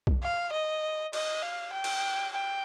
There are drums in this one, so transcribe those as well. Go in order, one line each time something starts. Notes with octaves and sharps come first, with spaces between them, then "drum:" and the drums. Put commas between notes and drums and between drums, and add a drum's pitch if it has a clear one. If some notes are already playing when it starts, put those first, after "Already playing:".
drum: kick B1
F5
D#5
D#5, drum: cymbal
F5
G5
drum: cymbal
G5